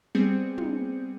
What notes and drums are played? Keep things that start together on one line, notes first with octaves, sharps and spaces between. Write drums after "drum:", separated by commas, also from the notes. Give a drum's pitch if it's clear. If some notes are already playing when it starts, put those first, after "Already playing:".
G3 B3 C4 G#4 G6 C#7
drum: tom